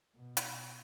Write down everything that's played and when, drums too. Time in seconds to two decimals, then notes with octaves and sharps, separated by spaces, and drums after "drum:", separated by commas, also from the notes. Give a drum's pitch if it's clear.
0.15 B2
0.37 drum: hi-hat